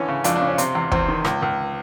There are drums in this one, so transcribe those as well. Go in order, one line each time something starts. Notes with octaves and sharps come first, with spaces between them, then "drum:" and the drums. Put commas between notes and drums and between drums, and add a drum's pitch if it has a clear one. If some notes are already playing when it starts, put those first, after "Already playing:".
Already playing: D3 E3 C#4
C#3
F2 D4, drum: hi-hat
D4
C#3
C#4
C3 C4, drum: hi-hat
E2
E2 C4, drum: kick
D#3
C#2, drum: rim click
C#2